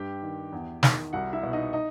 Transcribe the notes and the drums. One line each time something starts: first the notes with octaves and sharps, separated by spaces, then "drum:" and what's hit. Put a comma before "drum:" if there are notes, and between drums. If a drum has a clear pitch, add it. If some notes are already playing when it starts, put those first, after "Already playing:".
Already playing: G2 G4 G5
D#3
E2
D#3, drum: snare
C2 F#4 F#5
E4 E5
B2
D#4 D#5
D#4 D#5